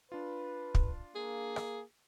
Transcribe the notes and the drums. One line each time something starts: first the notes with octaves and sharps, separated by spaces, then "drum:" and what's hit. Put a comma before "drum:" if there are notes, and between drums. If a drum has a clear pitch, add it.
D4 F4 B4
drum: kick
A#3 G#4
drum: rim click